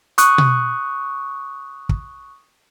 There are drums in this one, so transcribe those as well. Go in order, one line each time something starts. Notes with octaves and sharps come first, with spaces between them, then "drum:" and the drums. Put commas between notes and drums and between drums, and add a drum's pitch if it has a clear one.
C#6 D#6 F#6, drum: hi-hat
drum: tom B2
drum: kick